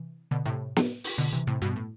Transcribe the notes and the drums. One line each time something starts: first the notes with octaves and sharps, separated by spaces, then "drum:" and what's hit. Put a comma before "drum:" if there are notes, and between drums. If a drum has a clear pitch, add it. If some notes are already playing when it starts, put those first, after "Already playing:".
Already playing: C3 E3
B2 D3
A2 C3
drum: snare
drum: open hi-hat
B2 D3
C3 E3
A2 C3
G2 B2
A2